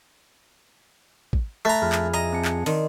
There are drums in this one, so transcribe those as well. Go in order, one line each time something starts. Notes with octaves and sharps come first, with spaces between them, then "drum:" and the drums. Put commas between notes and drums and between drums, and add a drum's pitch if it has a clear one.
drum: kick
A3 A#5 B5 F#6
F2 G#4 B5 F6
drum: clap
D#5 E5 A#5
C4 A5 C#7
drum: clap
D#3 D5 D#5 C6, drum: open hi-hat